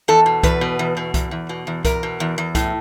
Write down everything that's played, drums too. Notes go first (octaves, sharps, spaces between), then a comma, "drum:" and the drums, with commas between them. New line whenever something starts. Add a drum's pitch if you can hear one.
E2 A4
B2
E2 B4, drum: kick C2, hi-hat
B2
E2
B2
E2, drum: kick C2, hi-hat
E2
B2
E2
E2 A#4, drum: kick C2, hi-hat
B2
E2
E2
A2, drum: kick C2, hi-hat